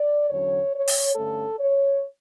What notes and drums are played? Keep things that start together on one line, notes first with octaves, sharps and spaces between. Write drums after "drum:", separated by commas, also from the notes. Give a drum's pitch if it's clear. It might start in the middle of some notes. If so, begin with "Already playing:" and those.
Already playing: D5
E2 D3 F#3 C#4 C#5
C#5
drum: open hi-hat
G2 D3 A3 C#4 A4
C#5